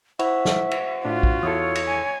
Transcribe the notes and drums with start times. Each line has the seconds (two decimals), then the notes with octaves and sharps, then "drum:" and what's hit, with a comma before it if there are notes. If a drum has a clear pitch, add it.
0.19 E4 C5 E5 F#5 C#6, drum: cymbal
0.45 drum: snare
0.71 drum: cymbal
1.05 A2 D4 F4 F#4
1.23 drum: kick A#1
1.43 E2 E4 A4 C#5 D#6 E6
1.75 drum: cymbal
1.87 G#5